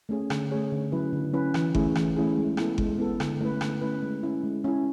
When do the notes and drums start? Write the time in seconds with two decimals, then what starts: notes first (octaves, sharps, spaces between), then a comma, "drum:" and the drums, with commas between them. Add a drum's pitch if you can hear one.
0.09 A3 C#4 G#4 C#5
0.30 D3, drum: rim click
0.51 A3 C#4 G#4 C#5
0.72 D3
0.92 F#3 C#4 E4 B4
1.13 D3
1.33 F#3 C#4 E4 B4
1.54 E3, drum: rim click
1.75 A3 C#4 E4 G#4, drum: kick G1
1.95 E3, drum: rim click
2.16 A3 C#4 E4 G#4
2.37 G#3
2.57 B3 E4 A4, drum: rim click
2.78 G#3, drum: kick G1
2.98 B3 E4 A4
3.20 D3, drum: rim click
3.41 A3 C#4 E4 B4
3.61 D3, drum: rim click
3.82 A3 C#4 E4 B4
4.03 G#3
4.23 C#4 E4
4.43 G#3
4.64 C#4 E4